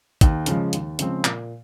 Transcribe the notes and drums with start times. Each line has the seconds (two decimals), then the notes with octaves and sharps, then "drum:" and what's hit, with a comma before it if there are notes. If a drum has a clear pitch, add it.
0.21 D#2, drum: kick, hi-hat
0.46 C#3 F3 G#3, drum: hi-hat
0.73 D#2, drum: hi-hat
0.99 C#3 F3 G#3 C4, drum: hi-hat
1.25 A#2, drum: clap